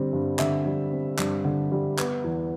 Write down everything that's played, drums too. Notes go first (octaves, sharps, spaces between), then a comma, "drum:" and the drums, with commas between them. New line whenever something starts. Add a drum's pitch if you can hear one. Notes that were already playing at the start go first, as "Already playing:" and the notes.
Already playing: D3 G3 C4
G2
D3 E5, drum: clap
G3
C4
G2, drum: clap
D3
G3
B3, drum: clap
E2